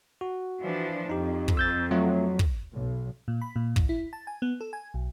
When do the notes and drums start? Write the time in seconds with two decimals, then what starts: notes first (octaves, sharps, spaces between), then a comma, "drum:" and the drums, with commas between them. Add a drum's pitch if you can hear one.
0.21 F#4
0.61 E3 F3 D4
1.09 F2 D#4 G4
1.48 drum: kick
1.57 E6 G6 A6
1.91 F#3 A3 C4 F4
2.39 drum: kick
2.73 B1
3.28 A#2
3.41 B5
3.56 A#2
3.76 A1, drum: kick
3.89 E4
4.13 A5
4.27 G#5
4.42 B3
4.61 A4
4.73 G#5
4.94 B1